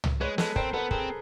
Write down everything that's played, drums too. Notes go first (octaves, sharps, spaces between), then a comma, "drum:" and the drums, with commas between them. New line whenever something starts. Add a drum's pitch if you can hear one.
drum: tom
G#3 B4 C#5
G#3 A4 B4, drum: snare
C4 A#4 C5, drum: kick
B3 A4 B4
C4 G#4 A#4, drum: kick